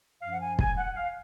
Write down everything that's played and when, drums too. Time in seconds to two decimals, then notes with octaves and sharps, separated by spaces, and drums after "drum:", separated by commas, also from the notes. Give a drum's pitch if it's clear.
0.21 F#2 F3 F5
0.32 F#5
0.41 G#5
0.59 G#5, drum: kick
0.77 F#5
0.96 F5